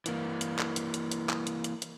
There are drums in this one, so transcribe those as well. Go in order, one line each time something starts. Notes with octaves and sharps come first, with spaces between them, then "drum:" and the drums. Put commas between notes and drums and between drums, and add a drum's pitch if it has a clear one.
E3 A#3, drum: hi-hat
drum: hi-hat
drum: clap
drum: hi-hat
drum: hi-hat
drum: hi-hat
drum: clap
drum: hi-hat
drum: hi-hat
drum: hi-hat